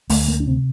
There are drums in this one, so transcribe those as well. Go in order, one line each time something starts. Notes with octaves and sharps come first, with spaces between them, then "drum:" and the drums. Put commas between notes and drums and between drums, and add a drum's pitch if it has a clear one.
D2 A3, drum: open hi-hat
A#3
D4
C3 C4